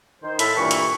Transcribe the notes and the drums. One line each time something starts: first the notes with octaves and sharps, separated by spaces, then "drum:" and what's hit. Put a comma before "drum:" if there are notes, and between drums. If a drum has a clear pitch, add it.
D#3 C5
A2 E4 A4 F5 B5, drum: hi-hat
G2 A#2 E3 C#6
drum: hi-hat